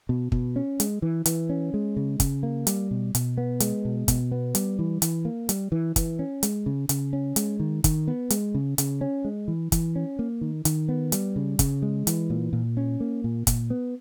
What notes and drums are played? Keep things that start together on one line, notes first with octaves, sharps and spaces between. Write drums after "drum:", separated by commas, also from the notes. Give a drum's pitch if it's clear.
B2
B2, drum: kick
C#4
G#3, drum: hi-hat
E3
E3, drum: hi-hat
C#4
G#3
C#3
C#3, drum: kick, hi-hat
A#3
G3, drum: hi-hat
B2
B2, drum: hi-hat
B3
G#3, drum: hi-hat
B2
B2, drum: kick, hi-hat
B3
G3, drum: hi-hat
E3
E3, drum: hi-hat
A#3
G3, drum: hi-hat
E3
E3, drum: kick, hi-hat
C#4
G#3, drum: hi-hat
C#3
C#3, drum: hi-hat
C#4
G#3, drum: hi-hat
D#3
D#3, drum: kick, hi-hat
B3
G#3, drum: hi-hat
C#3
C#3, drum: hi-hat
C#4
G#3
E3
E3, drum: kick, hi-hat
C#4
A#3
D#3
D#3, drum: hi-hat
B3
G3, drum: hi-hat
C#3
C#3, drum: kick, hi-hat
G#3
E3, drum: hi-hat
A#2
A#2
C#4
A#3
A#2
A#2, drum: kick, hi-hat
B3